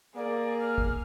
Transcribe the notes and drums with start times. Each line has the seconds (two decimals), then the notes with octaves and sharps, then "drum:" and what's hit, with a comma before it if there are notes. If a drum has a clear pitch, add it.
0.16 A#3 G#4 D5
0.60 F6
0.78 drum: kick